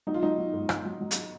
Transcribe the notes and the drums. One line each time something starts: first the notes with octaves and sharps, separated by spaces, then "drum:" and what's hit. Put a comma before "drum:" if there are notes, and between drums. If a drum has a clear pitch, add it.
F#3 D#4
F4
F#3 D#4
F#3
G#2
G#2, drum: rim click
F#3
F#3
drum: hi-hat